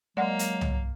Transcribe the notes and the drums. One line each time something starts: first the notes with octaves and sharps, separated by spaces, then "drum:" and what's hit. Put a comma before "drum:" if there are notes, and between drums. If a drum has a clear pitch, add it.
F#3 G#3 A#3 D5 F#5
drum: hi-hat
drum: tom C2